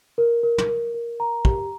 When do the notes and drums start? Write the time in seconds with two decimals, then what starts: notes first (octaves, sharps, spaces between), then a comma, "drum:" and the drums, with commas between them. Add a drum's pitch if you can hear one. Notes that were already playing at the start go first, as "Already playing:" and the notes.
0.18 A#4
0.43 A#4
0.58 drum: tom
0.69 A#4
0.94 A#4
1.20 A#5
1.45 G4, drum: kick